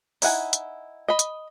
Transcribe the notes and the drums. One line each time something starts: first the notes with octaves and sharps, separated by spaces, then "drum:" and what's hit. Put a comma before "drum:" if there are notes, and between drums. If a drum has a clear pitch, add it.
D#4 E4 F#5 G#5, drum: open hi-hat
drum: hi-hat
D#5 B5
drum: hi-hat